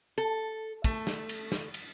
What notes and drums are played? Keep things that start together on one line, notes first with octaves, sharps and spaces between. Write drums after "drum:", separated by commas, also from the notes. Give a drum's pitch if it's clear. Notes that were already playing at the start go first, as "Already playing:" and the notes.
A4
A3, drum: kick, cymbal
drum: snare
drum: cymbal
drum: snare
drum: cymbal